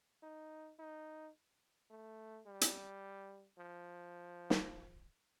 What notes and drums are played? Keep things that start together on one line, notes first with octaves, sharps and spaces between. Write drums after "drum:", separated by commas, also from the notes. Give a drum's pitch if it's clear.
D#4
D#4
A3
G3
drum: hi-hat
F3
drum: snare